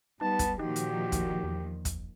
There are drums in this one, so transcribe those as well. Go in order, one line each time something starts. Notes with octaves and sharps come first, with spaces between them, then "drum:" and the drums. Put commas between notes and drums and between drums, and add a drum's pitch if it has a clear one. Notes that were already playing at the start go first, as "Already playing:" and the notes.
G3 B3 D#4 A5
drum: kick, hi-hat
A#2 D#3 F3 D#4 F#4 G4
drum: hi-hat
drum: kick, hi-hat
E2
drum: kick, hi-hat